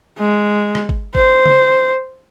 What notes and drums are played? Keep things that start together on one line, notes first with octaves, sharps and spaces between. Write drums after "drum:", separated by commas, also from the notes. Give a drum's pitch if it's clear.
G#3
drum: rim click
drum: kick
C5, drum: kick
drum: tom C#3